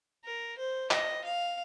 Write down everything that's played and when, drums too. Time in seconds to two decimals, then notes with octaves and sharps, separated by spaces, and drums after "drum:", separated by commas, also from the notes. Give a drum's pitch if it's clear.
0.24 A#4
0.58 C5
0.91 D#5, drum: clap
1.24 F5